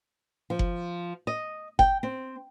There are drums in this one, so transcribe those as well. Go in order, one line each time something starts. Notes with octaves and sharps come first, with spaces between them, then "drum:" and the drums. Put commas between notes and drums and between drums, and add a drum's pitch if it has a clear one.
F3
drum: kick F#1
D#5
G5, drum: kick F#1
C4